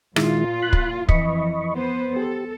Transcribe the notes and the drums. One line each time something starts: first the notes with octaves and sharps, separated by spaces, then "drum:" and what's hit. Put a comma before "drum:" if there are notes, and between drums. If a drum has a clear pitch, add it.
A#2 D#3 G#3 E4 F4, drum: rim click
B5 F#6
drum: kick
F2 E3 D#5 B5 C#6, drum: kick
B3 B4 C5
G4 A4